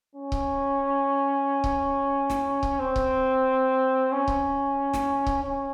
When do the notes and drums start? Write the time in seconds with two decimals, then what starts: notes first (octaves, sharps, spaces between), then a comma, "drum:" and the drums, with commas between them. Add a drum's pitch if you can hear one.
0.15 C#4
0.32 drum: kick C#1
1.64 drum: kick C#1
2.30 drum: snare
2.63 drum: kick C#1
2.79 C4
2.96 drum: kick C#1
4.11 C#4
4.28 drum: kick C#1
4.94 drum: snare
5.26 drum: kick C#1
5.43 C#4